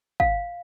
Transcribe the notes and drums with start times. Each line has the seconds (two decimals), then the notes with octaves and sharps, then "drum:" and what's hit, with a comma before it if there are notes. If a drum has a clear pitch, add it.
0.20 F5, drum: kick